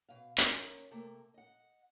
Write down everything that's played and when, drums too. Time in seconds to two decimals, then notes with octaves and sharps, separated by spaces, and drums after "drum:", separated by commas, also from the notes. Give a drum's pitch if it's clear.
0.09 B2 F5
0.38 D#2 C#4 A#4, drum: clap
0.91 C3 A3 A#3
1.34 D#5 F#5